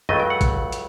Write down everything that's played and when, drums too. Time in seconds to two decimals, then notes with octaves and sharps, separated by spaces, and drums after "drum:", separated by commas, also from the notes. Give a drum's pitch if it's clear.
0.09 C#2 C#3 F#3 A3 D#5, drum: tom
0.20 G5
0.30 F#5
0.41 drum: kick, hi-hat
0.72 drum: hi-hat